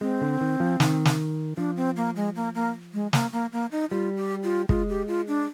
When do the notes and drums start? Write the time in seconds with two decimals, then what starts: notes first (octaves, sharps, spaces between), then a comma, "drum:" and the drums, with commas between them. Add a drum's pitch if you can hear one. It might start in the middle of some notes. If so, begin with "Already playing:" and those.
0.01 G#3 C4
0.21 D3
0.41 D#3
0.60 F3
0.80 D#3, drum: snare
1.05 drum: snare
1.57 F3 D4
1.77 C4
1.96 A#3
2.16 G#3
2.36 A#3
2.55 A#3
2.94 G#3
3.13 A#3, drum: snare
3.33 A#3
3.53 A#3
3.72 D#4
3.91 G3 F4
4.17 G4
4.44 F4
4.69 G#3 F4, drum: kick
4.89 G4
5.08 F4
5.28 D4